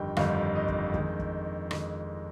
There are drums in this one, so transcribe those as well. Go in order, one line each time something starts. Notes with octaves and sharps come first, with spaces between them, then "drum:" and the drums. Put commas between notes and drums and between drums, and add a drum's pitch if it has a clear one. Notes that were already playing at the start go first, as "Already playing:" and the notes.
Already playing: G1 F2 D#3 G3 G5
G1 F2 D#3 G3 F5, drum: rim click
D#5
drum: kick
F2 D#3 G#3, drum: kick
drum: kick
F2 D#3 G#3, drum: rim click